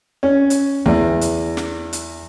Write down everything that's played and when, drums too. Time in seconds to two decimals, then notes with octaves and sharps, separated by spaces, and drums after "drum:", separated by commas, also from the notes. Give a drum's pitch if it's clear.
0.23 C#4
0.50 drum: hi-hat
0.86 E2, drum: kick
1.21 drum: hi-hat
1.57 drum: snare
1.93 drum: hi-hat